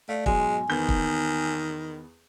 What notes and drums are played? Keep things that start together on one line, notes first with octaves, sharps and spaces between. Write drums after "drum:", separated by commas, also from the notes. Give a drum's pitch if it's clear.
A3 D5 F5
G#2 B2 F#3 G#3 G#5, drum: kick
E2 D#3 B3 G6
drum: kick